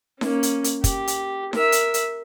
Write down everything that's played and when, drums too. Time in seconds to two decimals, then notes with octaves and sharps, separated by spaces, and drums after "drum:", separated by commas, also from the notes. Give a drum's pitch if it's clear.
0.21 A#3 C#4, drum: snare D#4
0.43 drum: hi-hat
0.64 drum: hi-hat
0.84 G4, drum: kick, hi-hat
1.08 drum: hi-hat
1.53 A#4 E5, drum: snare D#4
1.72 drum: hi-hat
1.94 drum: hi-hat